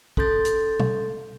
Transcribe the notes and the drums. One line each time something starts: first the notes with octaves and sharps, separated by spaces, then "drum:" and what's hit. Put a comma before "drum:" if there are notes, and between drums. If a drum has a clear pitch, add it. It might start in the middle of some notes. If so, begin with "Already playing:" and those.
C#4 A4 C6 G6 A6, drum: kick
drum: hi-hat
drum: tom